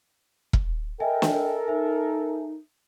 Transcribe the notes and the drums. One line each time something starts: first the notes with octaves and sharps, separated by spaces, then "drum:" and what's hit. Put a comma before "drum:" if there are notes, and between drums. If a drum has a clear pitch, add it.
drum: kick E1
A4 A#4 D#5 E5 G5 G#5
drum: snare
D#4 C5 E5 G#5